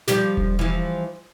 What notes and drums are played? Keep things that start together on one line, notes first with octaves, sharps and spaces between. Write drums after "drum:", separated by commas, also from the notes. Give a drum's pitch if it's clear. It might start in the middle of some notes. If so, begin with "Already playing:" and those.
F3 G3 G4, drum: snare
drum: kick E1
E3 F3